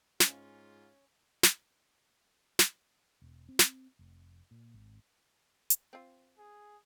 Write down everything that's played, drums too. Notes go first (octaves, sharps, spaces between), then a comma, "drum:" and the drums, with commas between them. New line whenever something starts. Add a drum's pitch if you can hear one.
G#2 C#4 F4, drum: snare
drum: snare
drum: snare
E1
C4
drum: snare
F1
A#2
G#1
drum: hi-hat
C4 F4
G#4